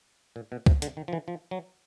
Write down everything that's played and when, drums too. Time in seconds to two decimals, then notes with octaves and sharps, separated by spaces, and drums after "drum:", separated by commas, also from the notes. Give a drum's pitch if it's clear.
0.36 A#2
0.52 B2
0.66 C3, drum: kick C#2
0.82 D3, drum: hi-hat
0.97 D#3
1.08 F3
1.13 E3
1.28 F3
1.51 F#3